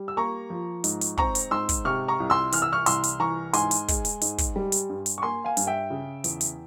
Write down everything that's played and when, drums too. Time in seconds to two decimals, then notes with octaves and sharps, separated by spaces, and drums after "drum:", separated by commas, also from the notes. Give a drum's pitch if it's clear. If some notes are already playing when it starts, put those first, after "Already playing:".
Already playing: G3
0.08 E6
0.16 A#3 A#5 C#6
0.50 F3
0.84 G#2, drum: hi-hat
1.01 drum: hi-hat
1.18 C4 A#5 C#6, drum: kick
1.35 drum: hi-hat
1.51 G#2 C6 E6
1.69 drum: kick, hi-hat
1.85 C3 C#6 F6
2.08 A#5 C#6
2.20 C2
2.30 C6 E6
2.52 E3 F6, drum: hi-hat
2.62 E6
2.72 C#6 F6
2.86 C2 C6 E6, drum: hi-hat
3.04 drum: hi-hat
3.20 E3 A#5 C#6
3.53 G#2 G#5 C6, drum: hi-hat
3.71 drum: hi-hat
3.88 G#3, drum: kick, hi-hat
4.05 drum: hi-hat
4.21 G#2, drum: hi-hat
4.38 drum: kick, hi-hat
4.56 G3
4.72 drum: hi-hat
4.90 G2
5.06 drum: hi-hat
5.18 C#6
5.22 A#3 G#5 C6
5.45 F5 G#5
5.57 G2, drum: hi-hat
5.67 E5 G5
5.90 C#3
6.24 E2, drum: hi-hat
6.41 drum: hi-hat